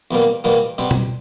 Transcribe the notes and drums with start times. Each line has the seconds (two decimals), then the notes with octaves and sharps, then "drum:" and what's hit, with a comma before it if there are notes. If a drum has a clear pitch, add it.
0.11 E2 B2 G3 A#3
0.44 E2 B2 G3 A#3
0.78 B2 G3 C4
0.91 drum: tom B2